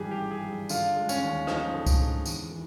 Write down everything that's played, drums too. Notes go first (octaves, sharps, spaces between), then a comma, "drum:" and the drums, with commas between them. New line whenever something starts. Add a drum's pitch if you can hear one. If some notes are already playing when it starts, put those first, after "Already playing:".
Already playing: G#1 G2 E3 G3 G4 G#4
G4
G2
G#4
G3
D3 F4, drum: tambourine
G#3
C#4, drum: tambourine
D#2
F3 D#4, drum: rim click
D3
drum: kick C#2, tambourine
G#3
E2, drum: tambourine
E3